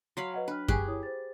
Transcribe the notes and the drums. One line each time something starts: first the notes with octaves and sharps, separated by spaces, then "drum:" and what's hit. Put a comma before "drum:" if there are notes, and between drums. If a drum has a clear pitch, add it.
F#3 F5 B5 C6
B4 D#5 F#5
D4 B4 F6
G4 G#4 G#5 C#6 F#6, drum: kick F#2
E4 C#5 D#6
C5 A6